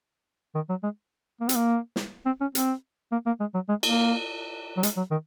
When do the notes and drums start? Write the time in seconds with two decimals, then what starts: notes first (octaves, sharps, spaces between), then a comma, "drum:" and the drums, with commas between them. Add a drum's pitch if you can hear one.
0.55 D#3
0.69 F#3
0.83 G#3
1.40 A#3
1.49 C4, drum: hi-hat
1.56 A#3
1.96 drum: snare
2.26 C4
2.41 C#4
2.55 C4, drum: hi-hat
3.12 A#3
3.26 A#3
3.40 G#3
3.54 F#3
3.69 G#3
3.83 A#3, drum: cymbal
4.77 F#3
4.83 G#3, drum: hi-hat
4.97 F#3
5.11 D#3